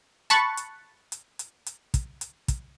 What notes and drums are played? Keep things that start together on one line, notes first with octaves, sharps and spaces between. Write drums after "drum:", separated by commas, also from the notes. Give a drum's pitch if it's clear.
A5 B5 C#6 F#6 A6, drum: hi-hat
drum: hi-hat
drum: hi-hat
drum: hi-hat
drum: hi-hat
drum: kick, hi-hat
drum: hi-hat
drum: kick, hi-hat